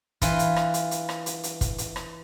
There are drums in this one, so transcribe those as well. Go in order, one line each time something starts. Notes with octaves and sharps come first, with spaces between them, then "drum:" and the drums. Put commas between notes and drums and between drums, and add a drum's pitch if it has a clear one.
E3 F4, drum: kick, hi-hat
drum: hi-hat
drum: rim click
drum: hi-hat
drum: hi-hat
drum: rim click
drum: hi-hat
drum: hi-hat
drum: kick, hi-hat
drum: hi-hat
drum: rim click